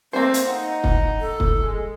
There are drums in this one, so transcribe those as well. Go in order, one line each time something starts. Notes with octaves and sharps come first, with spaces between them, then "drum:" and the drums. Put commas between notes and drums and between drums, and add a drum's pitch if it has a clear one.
A3 A#3 C4 C5
drum: hi-hat
D#4 F#5
drum: kick
A4
drum: kick
G#3